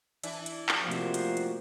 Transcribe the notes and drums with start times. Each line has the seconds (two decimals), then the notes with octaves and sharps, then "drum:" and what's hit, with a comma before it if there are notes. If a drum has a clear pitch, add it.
0.23 E3 D4 E5, drum: hi-hat
0.46 drum: hi-hat
0.69 drum: clap
0.82 C3 F3 A3 A#3 F#4 G4 C5
0.91 drum: hi-hat
1.14 drum: hi-hat
1.37 drum: hi-hat